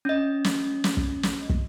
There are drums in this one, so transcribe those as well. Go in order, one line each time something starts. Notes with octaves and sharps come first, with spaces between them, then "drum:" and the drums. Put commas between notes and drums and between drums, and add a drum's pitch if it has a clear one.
C#4 D#5
drum: snare
drum: snare
drum: kick
drum: snare
drum: kick